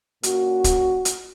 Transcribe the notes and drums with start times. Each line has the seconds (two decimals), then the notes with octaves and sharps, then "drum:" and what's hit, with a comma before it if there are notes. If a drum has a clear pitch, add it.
0.23 A#2 A#3 C#4 F#4, drum: hi-hat
0.64 drum: kick, hi-hat
1.05 drum: hi-hat